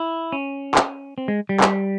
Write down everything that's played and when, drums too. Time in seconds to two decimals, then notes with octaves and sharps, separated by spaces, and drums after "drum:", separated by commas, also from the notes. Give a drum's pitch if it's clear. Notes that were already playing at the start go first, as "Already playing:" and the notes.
Already playing: E4
0.32 C#4
0.75 drum: clap
1.18 C4
1.28 G#3
1.49 G3
1.60 drum: clap